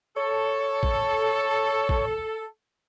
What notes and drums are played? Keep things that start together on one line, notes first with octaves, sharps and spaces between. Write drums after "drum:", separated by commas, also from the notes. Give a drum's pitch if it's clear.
A4 C#5
drum: kick
drum: kick